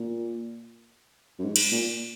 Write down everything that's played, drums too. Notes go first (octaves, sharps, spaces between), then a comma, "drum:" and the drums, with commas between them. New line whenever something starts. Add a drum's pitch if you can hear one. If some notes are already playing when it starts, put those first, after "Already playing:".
Already playing: A#2
F#2
G#2
drum: cymbal
A#2